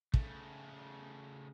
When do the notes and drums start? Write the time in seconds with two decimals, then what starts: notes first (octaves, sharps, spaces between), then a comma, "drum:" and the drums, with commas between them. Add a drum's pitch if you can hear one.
0.14 C#3 A3, drum: kick